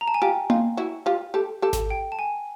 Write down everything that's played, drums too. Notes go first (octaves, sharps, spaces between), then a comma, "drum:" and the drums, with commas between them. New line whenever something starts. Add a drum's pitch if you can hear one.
A#5
A5
G#5
F4 G4 G5
D#4 F4, drum: tom A#3
E4 F#4
F4 G4
G4 A4
G4 A4
drum: snare G#1
G5
A5
G#5